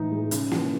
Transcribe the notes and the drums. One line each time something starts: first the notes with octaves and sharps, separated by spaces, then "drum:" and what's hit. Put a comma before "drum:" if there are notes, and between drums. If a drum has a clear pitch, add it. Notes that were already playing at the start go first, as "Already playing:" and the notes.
Already playing: A2 E3 D#4
G#3
C#3, drum: hi-hat
E3, drum: snare A#3